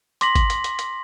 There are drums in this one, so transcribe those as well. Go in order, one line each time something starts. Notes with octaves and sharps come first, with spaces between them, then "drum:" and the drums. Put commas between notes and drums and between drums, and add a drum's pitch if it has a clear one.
C6 D6 A#6 B6 F#7, drum: hi-hat
drum: kick G#1, hi-hat
drum: hi-hat
drum: hi-hat
drum: hi-hat